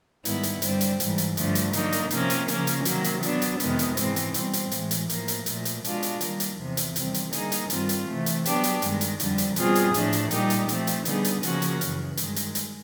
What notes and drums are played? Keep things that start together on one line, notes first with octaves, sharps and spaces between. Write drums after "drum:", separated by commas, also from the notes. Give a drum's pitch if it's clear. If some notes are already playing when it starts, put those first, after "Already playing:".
G#2 D#3 G3 B3 E4, drum: hi-hat
drum: hi-hat
G2 D3 G3 C4, drum: hi-hat
drum: hi-hat
G#2 E3 G3, drum: hi-hat
drum: hi-hat
G2 D3 F3 A3, drum: hi-hat
drum: hi-hat
D3 F#3 A#3 D#4, drum: hi-hat
drum: hi-hat
C3 F3 A#3 C#4, drum: hi-hat
drum: hi-hat
C#3 F3 A#3 C#4, drum: hi-hat
drum: hi-hat
C3 D#3 F#3 A#3, drum: hi-hat
drum: hi-hat
F#3 B3 D4, drum: hi-hat
drum: hi-hat
F2 C3 D#3 G#3 B3, drum: hi-hat
drum: hi-hat
G#2 E3 G#3 C4, drum: hi-hat
drum: hi-hat
B2 G3 C4, drum: hi-hat
drum: hi-hat
A2 E3 G#3, drum: hi-hat
drum: hi-hat
A2 F3 A#3, drum: hi-hat
drum: hi-hat
A#2 F3 A3, drum: hi-hat
drum: hi-hat
B2 G#3 B3 D4 F4, drum: hi-hat
drum: hi-hat
D#3 G3 A#3, drum: hi-hat
drum: hi-hat
E2 C3 F3
drum: hi-hat
E2 C3 D#3 G3 C4, drum: hi-hat
drum: hi-hat
D3 G3 A#3 D#4 G#4, drum: hi-hat
drum: hi-hat
G2 D#3 G3 C4 F4, drum: hi-hat
drum: hi-hat
C3 E3 A3
drum: hi-hat
F#3 B3 D4 G4, drum: hi-hat
drum: hi-hat
G2 D#3 G#3, drum: hi-hat
drum: hi-hat
F2 D3 G3, drum: hi-hat
drum: hi-hat
B2 G3 C4 F4 G#4, drum: hi-hat
drum: hi-hat
A2 F3 A3 D4, drum: hi-hat
drum: hi-hat
A#2 G3 A#3 D#4 G4, drum: hi-hat
drum: hi-hat
F3 A3 C4, drum: hi-hat
drum: hi-hat
D3 G3 B3 D#4 G#4, drum: hi-hat
drum: hi-hat
C#3 F3 A#3 C#4 F#4, drum: hi-hat
drum: hi-hat
F#2 C#3 E3, drum: hi-hat
G2 D#3 G#3, drum: hi-hat
drum: hi-hat
drum: hi-hat